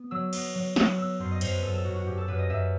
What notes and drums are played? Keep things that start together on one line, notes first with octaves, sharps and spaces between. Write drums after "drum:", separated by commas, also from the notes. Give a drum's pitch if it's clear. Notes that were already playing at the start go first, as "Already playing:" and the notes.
Already playing: B3
F#3 E6
B3, drum: cymbal
F#3
F#3 F#6, drum: snare
B3 E6
F#2 C6
D#5
F#2 C5, drum: cymbal
B4
F#2 A4
A4
F#2 F#4
F#4
F#2 G4
A4
F#2 B4
D#5
F#2 E5